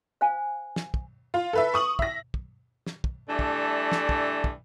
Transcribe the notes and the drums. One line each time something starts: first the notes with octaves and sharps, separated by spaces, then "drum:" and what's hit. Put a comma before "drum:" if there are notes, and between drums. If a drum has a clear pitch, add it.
C5 F5 G#5
drum: snare
drum: kick
F4
A4 B4 E5
C#6 D#6 F#7
E5 A#6, drum: kick
drum: kick
drum: snare
drum: kick
E3 G3 A3 D4
drum: kick
drum: snare
drum: kick
drum: kick